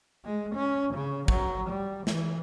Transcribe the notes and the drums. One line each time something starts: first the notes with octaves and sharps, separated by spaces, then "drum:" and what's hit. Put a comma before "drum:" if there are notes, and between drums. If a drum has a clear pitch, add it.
G#3
C#4
C#3
F#3, drum: kick
G3
E3, drum: snare